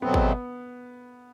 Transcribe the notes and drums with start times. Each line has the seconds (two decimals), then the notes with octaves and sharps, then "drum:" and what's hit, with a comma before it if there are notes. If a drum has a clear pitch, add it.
0.02 E2 B2 F#3 A3 B3 C4
0.14 drum: kick G#1